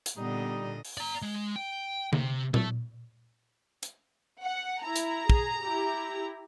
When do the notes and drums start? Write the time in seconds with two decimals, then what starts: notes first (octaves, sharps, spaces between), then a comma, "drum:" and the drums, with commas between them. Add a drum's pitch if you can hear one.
0.06 drum: hi-hat
0.17 A#2 D3 G3 B3 D#4 D#5
0.85 drum: open hi-hat
0.98 D5 A#5
1.22 G#3
1.56 G5
2.13 C3, drum: tom D3
2.54 A4 E5, drum: tom A#2
3.83 drum: hi-hat
4.43 F#5
4.85 E4 A#5
4.96 drum: hi-hat
5.30 G#4, drum: kick
5.64 E4 G4